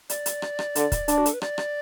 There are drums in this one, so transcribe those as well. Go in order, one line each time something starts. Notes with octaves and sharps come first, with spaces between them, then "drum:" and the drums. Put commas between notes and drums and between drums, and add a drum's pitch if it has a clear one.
D5, drum: hi-hat
drum: hi-hat
drum: rim click
drum: rim click
D3, drum: hi-hat
drum: kick, hi-hat
D4, drum: hi-hat
F#4
A4, drum: hi-hat
B4
D5, drum: rim click
drum: rim click